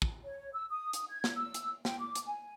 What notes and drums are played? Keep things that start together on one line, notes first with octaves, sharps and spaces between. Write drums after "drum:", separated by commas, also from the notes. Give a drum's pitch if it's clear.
drum: kick
C#5
E6
D#6
drum: hi-hat
G#6
drum: snare
E6
drum: hi-hat
G5, drum: snare
D6
drum: hi-hat
G#5